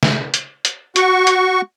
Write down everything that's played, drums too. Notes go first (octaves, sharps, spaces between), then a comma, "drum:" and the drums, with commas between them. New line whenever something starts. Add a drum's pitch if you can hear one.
drum: snare
drum: hi-hat
drum: hi-hat
F#4 C#6, drum: hi-hat
drum: hi-hat